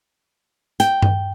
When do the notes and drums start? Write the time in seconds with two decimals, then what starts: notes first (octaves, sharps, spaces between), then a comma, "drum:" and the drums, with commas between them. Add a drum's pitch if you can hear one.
0.80 G5, drum: hi-hat
1.02 drum: tom G2